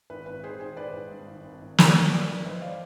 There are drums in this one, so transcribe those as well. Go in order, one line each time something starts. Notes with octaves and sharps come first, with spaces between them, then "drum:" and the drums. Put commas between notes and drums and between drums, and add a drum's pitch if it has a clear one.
G#1 B4
G#1 B4
D#3 G#4 C5
D#3 G#4 C5
G#1 B4 D5
G#1
G2
G#1
G#1
G#1
G#1, drum: snare
G2
G#1 B4 D5
G2 B4 D5
D#3 C5 D#5
D5 F5